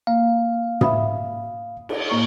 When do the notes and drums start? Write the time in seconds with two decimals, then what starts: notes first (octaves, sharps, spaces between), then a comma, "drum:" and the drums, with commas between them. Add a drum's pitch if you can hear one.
0.07 A#3 F5
0.81 E5 B5 D#6, drum: tom
1.89 drum: cymbal
2.10 A2 A#3 C#6